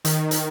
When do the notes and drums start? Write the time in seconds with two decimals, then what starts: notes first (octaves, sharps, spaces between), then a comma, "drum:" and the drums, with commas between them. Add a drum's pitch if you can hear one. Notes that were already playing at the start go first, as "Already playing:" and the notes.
0.05 D#3, drum: hi-hat
0.31 drum: hi-hat